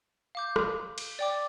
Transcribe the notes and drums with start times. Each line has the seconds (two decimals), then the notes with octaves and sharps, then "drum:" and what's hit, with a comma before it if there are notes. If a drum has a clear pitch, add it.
0.35 F5 D6 G6
0.56 drum: rim click
0.98 drum: cymbal
1.19 D5 G5 D6